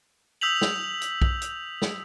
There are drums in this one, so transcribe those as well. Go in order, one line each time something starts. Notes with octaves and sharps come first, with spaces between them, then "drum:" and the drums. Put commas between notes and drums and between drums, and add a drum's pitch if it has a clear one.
D#6 E6 G6 B6 F7 F#7
drum: snare
drum: hi-hat
drum: kick
drum: hi-hat
drum: snare